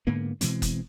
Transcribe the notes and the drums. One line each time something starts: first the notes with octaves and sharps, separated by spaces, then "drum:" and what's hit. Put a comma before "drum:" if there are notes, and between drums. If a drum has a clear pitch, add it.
G#2 D3 A#3 B3
B2 E3 G#3 C4, drum: hi-hat
drum: kick F#1, hi-hat